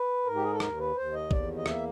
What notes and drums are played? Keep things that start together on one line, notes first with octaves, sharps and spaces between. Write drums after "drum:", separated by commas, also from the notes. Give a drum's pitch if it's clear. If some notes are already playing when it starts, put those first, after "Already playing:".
Already playing: B4
G#2 A#4
G4
G#4
A4
D#2 A#4, drum: rim click
B4
D#2 C5
D#5
E2 D5, drum: kick
D#5
A#3 E5, drum: rim click